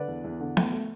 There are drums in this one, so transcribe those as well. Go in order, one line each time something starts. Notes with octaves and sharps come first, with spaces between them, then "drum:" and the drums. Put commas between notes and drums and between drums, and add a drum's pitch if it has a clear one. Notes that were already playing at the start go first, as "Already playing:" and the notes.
Already playing: D3 B4 D5
E2
E2
D3
A3, drum: snare B3
A3